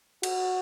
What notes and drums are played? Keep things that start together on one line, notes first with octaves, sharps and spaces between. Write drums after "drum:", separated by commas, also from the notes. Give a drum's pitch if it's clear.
F#4, drum: cymbal